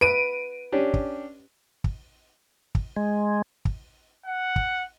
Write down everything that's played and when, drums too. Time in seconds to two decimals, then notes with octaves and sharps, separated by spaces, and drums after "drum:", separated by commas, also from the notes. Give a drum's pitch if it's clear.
0.01 B4 D7 D#7
0.72 C#4 D4 G4
0.94 drum: kick
1.84 drum: kick
2.75 drum: kick
2.96 G#3
3.65 drum: kick
4.26 F#5
4.56 drum: kick